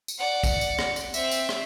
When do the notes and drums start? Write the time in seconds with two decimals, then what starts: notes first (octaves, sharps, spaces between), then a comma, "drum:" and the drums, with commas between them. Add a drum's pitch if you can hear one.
0.08 drum: tambourine
0.18 D5 F#5
0.43 drum: kick, tambourine
0.61 drum: tambourine
0.79 drum: rim click
0.96 drum: tambourine
1.14 C4 E5, drum: tambourine
1.31 drum: tambourine
1.49 drum: rim click